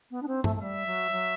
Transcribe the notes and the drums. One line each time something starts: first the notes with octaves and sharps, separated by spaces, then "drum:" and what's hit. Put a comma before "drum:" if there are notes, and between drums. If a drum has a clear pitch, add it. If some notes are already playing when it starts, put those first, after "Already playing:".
B3
D4
C4
A3, drum: tom G2
A3
G3 E5
F#3
F#3